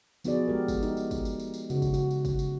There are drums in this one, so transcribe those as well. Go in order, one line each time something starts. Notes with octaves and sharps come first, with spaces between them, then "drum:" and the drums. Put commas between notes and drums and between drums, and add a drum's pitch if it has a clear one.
F3 B3 D#4 F#4 G#4 D5, drum: tambourine
G#3 G4 A#4
drum: kick, tambourine
D#4, drum: tambourine
drum: tambourine
drum: kick, tambourine
drum: tambourine
drum: tambourine
drum: tambourine
C#3 F#4, drum: tambourine
drum: kick, tambourine
F#4, drum: tambourine
drum: tambourine
drum: kick, tambourine
drum: tambourine